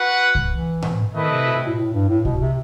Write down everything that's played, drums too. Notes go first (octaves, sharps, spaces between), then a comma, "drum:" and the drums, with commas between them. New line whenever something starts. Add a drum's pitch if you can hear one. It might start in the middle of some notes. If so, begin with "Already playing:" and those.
Already playing: F#4 B4 F#5
drum: kick C2
E3
drum: tom A2
D#3 A3 C4 E4 B4 D#5
C3
B2
B2
A2
B2
A2
G2
A2
B2, drum: kick C2
C3